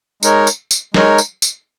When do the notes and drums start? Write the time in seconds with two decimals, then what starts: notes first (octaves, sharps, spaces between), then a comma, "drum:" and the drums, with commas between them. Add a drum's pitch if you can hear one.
0.23 G#3 D#4 A#4 C#5, drum: tambourine
0.47 drum: tambourine
0.71 drum: tambourine
0.94 G#3 D#4 A#4 C#5, drum: snare
1.18 drum: tambourine
1.42 drum: tambourine